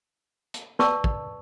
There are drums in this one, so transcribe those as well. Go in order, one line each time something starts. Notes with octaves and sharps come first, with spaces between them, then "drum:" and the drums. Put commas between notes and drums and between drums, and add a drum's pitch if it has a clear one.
drum: hi-hat
B4 D5 A5 C#6 E6, drum: snare
drum: kick